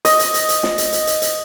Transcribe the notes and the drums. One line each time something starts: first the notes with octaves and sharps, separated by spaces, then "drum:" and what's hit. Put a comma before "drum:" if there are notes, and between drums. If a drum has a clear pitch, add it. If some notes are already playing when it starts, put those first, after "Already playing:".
D#5, drum: hi-hat
drum: hi-hat
drum: hi-hat
drum: hi-hat
drum: snare
drum: hi-hat
drum: hi-hat
drum: hi-hat
drum: hi-hat